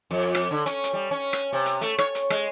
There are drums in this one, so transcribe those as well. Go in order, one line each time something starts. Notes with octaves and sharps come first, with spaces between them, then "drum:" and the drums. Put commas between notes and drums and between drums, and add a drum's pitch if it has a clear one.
F2
drum: rim click
D3
C#4, drum: hi-hat
drum: hi-hat
G3
C#4
drum: rim click
C3
drum: hi-hat
A3, drum: hi-hat
C#5, drum: rim click
drum: hi-hat
G#3, drum: rim click